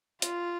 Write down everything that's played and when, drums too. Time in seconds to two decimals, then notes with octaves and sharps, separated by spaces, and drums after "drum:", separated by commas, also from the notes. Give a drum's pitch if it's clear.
0.22 F4, drum: hi-hat